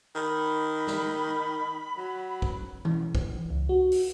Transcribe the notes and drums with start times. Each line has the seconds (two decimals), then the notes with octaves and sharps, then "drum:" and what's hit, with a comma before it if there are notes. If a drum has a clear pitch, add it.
0.15 D#3 B5
0.87 drum: snare
1.97 F#3
2.42 drum: kick
2.85 E3, drum: tom
3.15 drum: kick
3.50 C#2
3.69 F#4
3.92 drum: open hi-hat